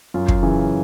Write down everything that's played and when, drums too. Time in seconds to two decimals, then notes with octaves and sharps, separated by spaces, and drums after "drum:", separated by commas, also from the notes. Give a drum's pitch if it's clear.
0.14 F#2 F4
0.28 drum: kick
0.43 C#3 E3